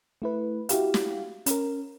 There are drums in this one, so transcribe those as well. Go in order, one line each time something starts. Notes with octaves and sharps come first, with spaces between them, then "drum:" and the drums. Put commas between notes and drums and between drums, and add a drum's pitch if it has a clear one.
A3 E4 B4
E4 F#4 G4 F5, drum: hi-hat
drum: snare
C#4 A#4, drum: hi-hat